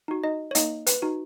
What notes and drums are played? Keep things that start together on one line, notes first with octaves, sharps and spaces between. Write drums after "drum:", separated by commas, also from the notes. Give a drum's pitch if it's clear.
D#4 F#4
D#4 D#5
C#5
A#3 D#4 D#5, drum: hi-hat
B4, drum: hi-hat
D#4 F#4